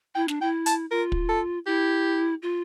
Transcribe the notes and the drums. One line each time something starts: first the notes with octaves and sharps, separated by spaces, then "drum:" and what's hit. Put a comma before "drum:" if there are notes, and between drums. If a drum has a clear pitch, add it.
E4 G5
D4, drum: snare
E4 G5
A5, drum: hi-hat
F4 A#4
drum: kick
A4
E4 G4
F4